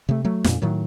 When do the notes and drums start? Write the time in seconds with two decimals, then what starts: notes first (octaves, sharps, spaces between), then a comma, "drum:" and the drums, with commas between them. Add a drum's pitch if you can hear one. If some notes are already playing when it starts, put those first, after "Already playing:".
0.09 C3 A3
0.25 F#3 A3
0.44 F2 A#2, drum: snare
0.62 A2 D#3 F#3